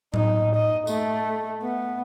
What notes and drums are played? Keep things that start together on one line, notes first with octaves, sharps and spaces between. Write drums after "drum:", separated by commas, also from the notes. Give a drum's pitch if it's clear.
D#4, drum: tom A2
D#5
A3, drum: tambourine
B3